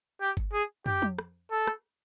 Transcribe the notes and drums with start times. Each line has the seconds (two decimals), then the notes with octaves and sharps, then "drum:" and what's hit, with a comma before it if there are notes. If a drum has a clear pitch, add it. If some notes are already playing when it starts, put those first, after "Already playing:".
0.21 G4
0.37 drum: kick G1
0.53 G#4
0.86 G4, drum: tom
1.02 drum: tom F3
1.19 drum: rim click
1.51 A4
1.67 drum: rim click